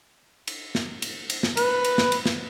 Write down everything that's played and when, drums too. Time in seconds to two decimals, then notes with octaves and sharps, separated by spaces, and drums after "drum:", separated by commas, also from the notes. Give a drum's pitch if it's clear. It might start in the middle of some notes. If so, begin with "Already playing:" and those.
0.47 drum: cymbal
0.75 drum: snare
1.02 drum: cymbal
1.30 drum: cymbal
1.43 drum: snare
1.57 B4, drum: cymbal
1.84 drum: cymbal
1.98 drum: snare
2.12 drum: cymbal
2.26 drum: snare